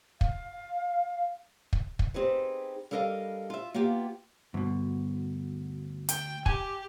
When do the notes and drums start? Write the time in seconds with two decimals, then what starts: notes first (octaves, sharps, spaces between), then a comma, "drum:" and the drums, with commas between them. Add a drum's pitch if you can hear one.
0.21 F5, drum: kick
1.73 drum: kick
1.99 drum: kick
2.14 C4 D#4 G4 G#4 B4
2.91 G3 D4 A4 A#4 D#5 F5
3.50 F4 E5
3.74 A#3 B3 F4 G4
4.54 D2 G2 B2
6.09 G5, drum: hi-hat
6.46 G4 G#5, drum: kick